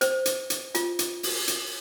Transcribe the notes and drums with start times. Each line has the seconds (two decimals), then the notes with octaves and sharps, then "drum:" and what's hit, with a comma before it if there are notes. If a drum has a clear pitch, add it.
0.01 C5, drum: hi-hat
0.26 drum: hi-hat
0.50 drum: hi-hat
0.75 F4, drum: hi-hat
0.99 drum: hi-hat
1.23 drum: open hi-hat
1.48 drum: hi-hat